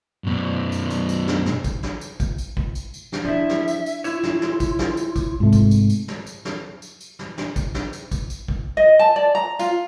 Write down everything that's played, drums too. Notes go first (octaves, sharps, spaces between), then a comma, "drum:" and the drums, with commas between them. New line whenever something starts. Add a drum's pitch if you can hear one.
F#2 B2
drum: tambourine
drum: tambourine
drum: tambourine
drum: snare
drum: snare
drum: kick, tambourine
drum: snare
drum: tambourine
drum: kick, tambourine
drum: tambourine
drum: kick
drum: tambourine
drum: tambourine
drum: snare
F3 D4 E4 E5
drum: snare
drum: tambourine
drum: tambourine
E4 F4 C#5, drum: tambourine
drum: snare
drum: snare
drum: kick, tambourine
drum: snare
drum: tambourine
drum: kick, tambourine
G#2 C3 A3
drum: kick, tambourine
drum: tambourine
drum: tambourine
drum: snare
drum: tambourine
drum: snare
drum: tambourine
drum: tambourine
drum: snare
drum: snare
drum: kick, tambourine
drum: snare
drum: tambourine
drum: kick, tambourine
drum: tambourine
drum: kick
D#5
A5
D5
A#5
F4, drum: tambourine